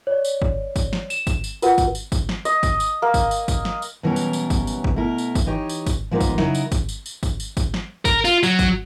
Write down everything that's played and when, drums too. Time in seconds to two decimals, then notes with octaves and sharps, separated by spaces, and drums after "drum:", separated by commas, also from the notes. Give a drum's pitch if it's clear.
0.07 C#5 D5
0.25 drum: tambourine
0.42 drum: kick
0.76 drum: kick, tambourine
0.93 drum: snare
1.10 E7, drum: tambourine
1.27 drum: kick, tambourine
1.44 drum: tambourine
1.62 F4 F#4 A#4 B4 F#5, drum: tambourine
1.78 drum: kick, tambourine
1.95 drum: tambourine
2.12 drum: kick, tambourine
2.29 drum: snare
2.45 D#5, drum: tambourine
2.63 drum: kick, tambourine
2.80 drum: tambourine
3.02 A#3
3.14 drum: kick, tambourine
3.31 drum: tambourine
3.48 drum: kick, tambourine
3.65 drum: snare
3.82 drum: tambourine
4.03 B2 E3 F#3 G3 C#4 A#4
4.16 drum: tambourine
4.33 drum: tambourine
4.50 drum: kick, tambourine
4.67 drum: tambourine
4.84 drum: kick
4.96 B2 A3 E4 A#4
5.18 drum: tambourine
5.35 drum: kick, tambourine
5.46 E3 D#4 G4 C#5
5.69 drum: tambourine
5.86 drum: kick, tambourine
6.11 F3 G#3 A#3 B3 D#4
6.21 drum: kick, tambourine
6.38 C#3 F#3 D#4 E4 A#4, drum: snare
6.55 drum: tambourine
6.72 drum: kick, tambourine
6.89 drum: tambourine
7.06 drum: tambourine
7.23 drum: kick, tambourine
7.40 drum: tambourine
7.57 drum: kick, tambourine
7.74 drum: snare
8.05 A#4, drum: kick, tambourine
8.25 F4, drum: tambourine
8.43 F#3, drum: tambourine
8.59 drum: kick, tambourine